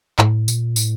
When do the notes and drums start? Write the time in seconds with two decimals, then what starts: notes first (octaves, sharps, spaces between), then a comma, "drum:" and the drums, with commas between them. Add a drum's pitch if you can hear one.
0.19 A2, drum: clap
0.48 A#2, drum: tambourine
0.76 A2, drum: tambourine